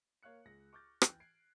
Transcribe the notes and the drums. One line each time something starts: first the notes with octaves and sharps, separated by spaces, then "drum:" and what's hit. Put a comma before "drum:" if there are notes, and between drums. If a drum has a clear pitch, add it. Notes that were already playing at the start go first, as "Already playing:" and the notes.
A#3 C#5 F5 F#6 C#7
C#2 A#6
C#6 D6 F6 G6 A6
E3 G5 F#6, drum: rim click
G#6 C7 D7